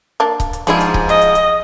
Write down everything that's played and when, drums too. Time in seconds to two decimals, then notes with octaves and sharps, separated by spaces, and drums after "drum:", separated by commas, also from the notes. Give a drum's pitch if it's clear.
0.20 A#3 D4
0.40 drum: kick C#1, hi-hat
0.53 drum: hi-hat
0.67 G#2 F3 G3 D4 E4 G#4, drum: hi-hat
0.81 drum: hi-hat
0.94 drum: kick C#1
1.09 D#5, drum: hi-hat
1.22 drum: hi-hat
1.35 drum: hi-hat